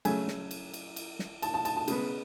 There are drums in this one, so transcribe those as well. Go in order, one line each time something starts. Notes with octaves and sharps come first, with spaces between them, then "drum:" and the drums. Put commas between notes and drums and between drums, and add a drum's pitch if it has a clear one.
C#3 F#3 A3 G#5, drum: cymbal
drum: snare
drum: cymbal
drum: cymbal
drum: cymbal
drum: snare
A5, drum: cymbal
A5
A5, drum: cymbal
A5
C#3 G#3 B3, drum: cymbal